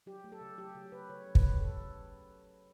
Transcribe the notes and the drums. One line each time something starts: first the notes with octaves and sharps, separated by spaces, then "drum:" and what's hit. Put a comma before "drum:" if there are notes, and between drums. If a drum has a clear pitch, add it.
F#3 G4
A3
A4
C#3
F#3 G4
C#3
C#3 B4
C#3 C#5
F#3
B4, drum: kick
C#3
C#3 A4